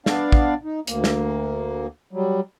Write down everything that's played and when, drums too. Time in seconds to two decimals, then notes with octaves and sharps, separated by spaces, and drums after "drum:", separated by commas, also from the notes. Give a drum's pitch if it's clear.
0.06 B3 D4 D5 F5, drum: snare
0.32 drum: kick
0.64 D#4
0.87 D2 A#3, drum: hi-hat
1.04 drum: snare
2.13 F#3 G3